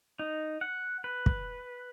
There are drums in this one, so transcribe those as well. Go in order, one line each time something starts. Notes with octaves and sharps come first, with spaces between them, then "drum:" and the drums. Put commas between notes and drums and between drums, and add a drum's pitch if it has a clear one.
D#4
F#5
B4
drum: kick